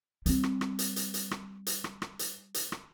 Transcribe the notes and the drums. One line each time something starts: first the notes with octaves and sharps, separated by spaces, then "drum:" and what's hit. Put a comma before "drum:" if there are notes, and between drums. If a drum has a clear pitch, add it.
G3 C4, drum: hi-hat
drum: rim click
drum: rim click
drum: hi-hat
drum: hi-hat
drum: hi-hat
drum: rim click
drum: hi-hat
drum: rim click
drum: rim click
drum: hi-hat
drum: hi-hat
drum: rim click